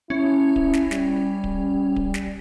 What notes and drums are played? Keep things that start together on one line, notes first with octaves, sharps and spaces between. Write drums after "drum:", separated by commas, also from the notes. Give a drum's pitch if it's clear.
C#4 E4
drum: kick D1
drum: snare
G3, drum: snare
drum: kick D1
drum: kick D1
drum: snare